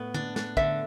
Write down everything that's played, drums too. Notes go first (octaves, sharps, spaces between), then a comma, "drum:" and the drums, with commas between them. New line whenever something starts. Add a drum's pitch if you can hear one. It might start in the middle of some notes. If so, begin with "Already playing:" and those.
Already playing: A2 B3
D4, drum: tom
D4, drum: snare
D3 E5, drum: kick